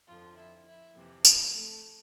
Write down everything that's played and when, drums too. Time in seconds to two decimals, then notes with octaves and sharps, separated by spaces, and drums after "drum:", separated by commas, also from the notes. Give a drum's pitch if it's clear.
0.08 F2 D3 F3 F4
0.36 E4
0.66 E4
0.95 F2 C3 E3
1.25 F3, drum: tambourine
1.53 A3